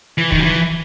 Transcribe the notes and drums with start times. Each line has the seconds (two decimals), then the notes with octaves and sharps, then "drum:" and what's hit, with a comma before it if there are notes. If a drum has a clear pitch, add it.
0.18 E3
0.32 D#3, drum: kick
0.39 F#3
0.44 E3